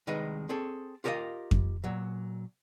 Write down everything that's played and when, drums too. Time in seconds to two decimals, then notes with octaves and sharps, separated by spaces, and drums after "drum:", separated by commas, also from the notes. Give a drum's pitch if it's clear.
0.07 C2 D#3 G#3 B4 D#5
0.49 C4 G#4 A4
1.04 F4 G4 A#4 C#5 D#5 F5
1.51 drum: kick F2
1.84 A#2 F#3